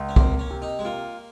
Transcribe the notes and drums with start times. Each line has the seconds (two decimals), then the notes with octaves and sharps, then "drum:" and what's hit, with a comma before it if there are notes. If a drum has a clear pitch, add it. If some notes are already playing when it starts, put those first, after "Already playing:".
Already playing: C#2
0.09 C#4
0.16 A#3 C4, drum: kick
0.39 C#4
0.50 C3
0.62 D#4
0.79 G#3
0.85 A#3 F4